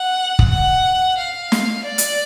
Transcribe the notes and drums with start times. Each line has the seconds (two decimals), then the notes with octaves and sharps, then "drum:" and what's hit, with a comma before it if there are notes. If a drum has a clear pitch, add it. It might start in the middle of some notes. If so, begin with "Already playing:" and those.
Already playing: F#5
0.39 drum: kick
0.50 F#5
1.17 F5
1.52 drum: snare
1.84 D5
1.98 drum: hi-hat